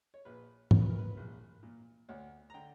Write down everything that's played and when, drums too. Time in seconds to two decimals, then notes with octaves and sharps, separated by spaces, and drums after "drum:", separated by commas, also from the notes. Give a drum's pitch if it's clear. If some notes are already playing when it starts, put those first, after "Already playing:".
0.14 C#5
0.25 A#1 B4
0.71 A#2 C#5, drum: tom G#2
0.80 B4
0.89 A#4
0.98 B4
1.17 A#1
1.63 A#2
2.09 D2 C#5
2.50 A#5
2.54 D3 G5